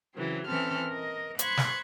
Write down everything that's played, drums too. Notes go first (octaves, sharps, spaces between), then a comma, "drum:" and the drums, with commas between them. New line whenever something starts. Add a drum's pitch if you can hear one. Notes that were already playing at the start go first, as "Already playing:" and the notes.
C#3 E3 F#3 C4
E3 C4 C#4 A4 F6
A#4 D#5
C5 B5 C#6 F#6 G#6, drum: hi-hat
drum: snare